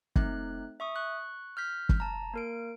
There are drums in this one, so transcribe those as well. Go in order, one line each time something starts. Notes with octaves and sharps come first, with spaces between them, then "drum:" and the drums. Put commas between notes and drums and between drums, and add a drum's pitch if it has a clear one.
A3 C4 D#4 F#6, drum: kick
E5 C#6 D#6
C#6 F#6
F6 G6 B6
drum: kick
A5 A#5
A#3 A#4 D7